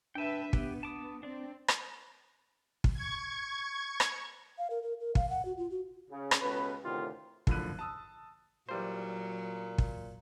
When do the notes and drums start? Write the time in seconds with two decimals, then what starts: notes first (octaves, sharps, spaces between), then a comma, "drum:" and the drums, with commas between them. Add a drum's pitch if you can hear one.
0.15 D4 B4 E5 G5 A5 D#7
0.53 B3 G4 B4, drum: kick
0.83 A5 D6 D#6
1.23 C4 D4 D5
1.68 drum: rim click
2.84 drum: kick
2.94 C#6 G#6
4.00 drum: rim click
4.58 F5
4.70 A#4
4.82 A#4
5.00 A#4
5.15 F5, drum: kick
5.30 F#5
5.45 F#4
5.57 F4
5.71 F#4
6.10 C#3
6.31 drum: rim click
6.41 C#2 B2 C#4 A4 B4
6.84 D2 A2 C3 D#3 F4 G4
7.47 F#1 D3 F3 B5 F#6 D#7, drum: kick
7.79 A5 D#6 E6
8.69 A#2 E3 F#3 G3 C5
9.78 drum: kick